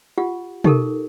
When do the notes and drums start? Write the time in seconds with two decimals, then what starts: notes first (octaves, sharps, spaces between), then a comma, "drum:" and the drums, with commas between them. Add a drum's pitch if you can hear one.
0.18 F4 G4 F#5
0.64 D#4 G4 A4 A#4, drum: tom